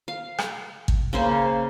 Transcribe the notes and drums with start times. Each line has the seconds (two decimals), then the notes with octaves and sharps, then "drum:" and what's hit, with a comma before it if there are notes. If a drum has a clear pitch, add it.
0.08 F5
0.38 drum: rim click
0.88 drum: kick
1.13 C#3 A#3 C5